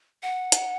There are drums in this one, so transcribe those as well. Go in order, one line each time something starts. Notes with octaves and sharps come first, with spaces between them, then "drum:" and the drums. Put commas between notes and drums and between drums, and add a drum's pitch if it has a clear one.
F#5
drum: hi-hat